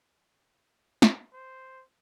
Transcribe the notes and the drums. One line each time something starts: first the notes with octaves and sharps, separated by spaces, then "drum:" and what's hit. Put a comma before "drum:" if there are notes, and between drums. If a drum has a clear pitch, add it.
drum: snare
C5